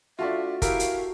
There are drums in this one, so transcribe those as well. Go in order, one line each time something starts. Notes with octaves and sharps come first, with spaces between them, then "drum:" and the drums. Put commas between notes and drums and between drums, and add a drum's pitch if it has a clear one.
A3 D4 F4 F#4 E5
E4 G4 A#4 F5, drum: kick, hi-hat
drum: hi-hat